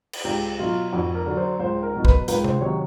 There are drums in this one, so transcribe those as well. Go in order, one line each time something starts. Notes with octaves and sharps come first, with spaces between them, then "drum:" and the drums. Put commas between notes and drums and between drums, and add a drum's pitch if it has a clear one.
drum: cymbal
C#2 G4
B2 F#3 F4
F2 F#4
A#4
D3 F#3
C5
C#2 C5
A#4
B2 F#3
B4, drum: kick
C#2 B4, drum: hi-hat
C5, drum: tom C3
C3 D#3 F#3 C#5